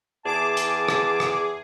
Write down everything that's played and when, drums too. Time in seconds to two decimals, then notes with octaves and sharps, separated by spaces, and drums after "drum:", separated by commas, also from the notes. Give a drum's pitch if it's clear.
0.25 E2 G#4 A5 D6
0.57 drum: hi-hat
0.88 drum: rim click
1.20 drum: rim click